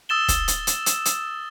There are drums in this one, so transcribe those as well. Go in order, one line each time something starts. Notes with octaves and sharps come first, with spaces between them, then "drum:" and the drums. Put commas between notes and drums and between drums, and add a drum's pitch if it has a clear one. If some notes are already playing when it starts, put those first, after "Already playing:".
D#6 E6 A6 E7 G7
drum: kick, hi-hat
drum: hi-hat
drum: hi-hat
drum: hi-hat
drum: hi-hat